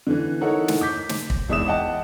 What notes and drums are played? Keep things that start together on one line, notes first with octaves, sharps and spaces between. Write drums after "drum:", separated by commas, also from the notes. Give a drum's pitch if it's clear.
D3 E3
D#4 E4 A4 A#4 C#5 F#5
drum: snare
D6 G6 B6
drum: snare
drum: kick
G#1 E2 E5 D#6 E7
D#5 E5 F#5 G5 A5